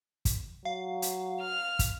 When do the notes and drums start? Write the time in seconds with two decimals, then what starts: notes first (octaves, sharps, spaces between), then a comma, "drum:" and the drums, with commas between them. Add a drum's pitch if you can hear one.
0.25 drum: kick, hi-hat
0.65 F#3 F5
1.02 drum: hi-hat
1.41 F6
1.79 drum: kick, hi-hat